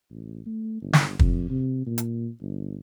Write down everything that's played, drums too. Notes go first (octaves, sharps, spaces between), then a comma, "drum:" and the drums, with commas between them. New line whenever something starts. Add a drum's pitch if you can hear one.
A1
A3
G1
drum: snare
F2, drum: kick
C3
A#2
drum: hi-hat
G1